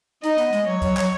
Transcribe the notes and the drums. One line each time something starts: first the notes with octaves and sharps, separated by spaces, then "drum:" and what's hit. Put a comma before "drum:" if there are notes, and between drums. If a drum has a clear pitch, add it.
D#4 D#5, drum: hi-hat
B3, drum: hi-hat
G#3, drum: hi-hat
F#3 C#5
F#3, drum: kick C#2, hi-hat
F#3, drum: clap